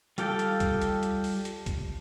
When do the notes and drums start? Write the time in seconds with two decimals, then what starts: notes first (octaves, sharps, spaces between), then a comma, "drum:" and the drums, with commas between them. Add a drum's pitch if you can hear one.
0.18 G3 F4 G4 A4 G5, drum: hi-hat
0.39 drum: hi-hat
0.60 drum: kick, hi-hat
0.82 drum: hi-hat
1.03 drum: hi-hat
1.24 drum: open hi-hat
1.45 drum: hi-hat
1.66 drum: kick, hi-hat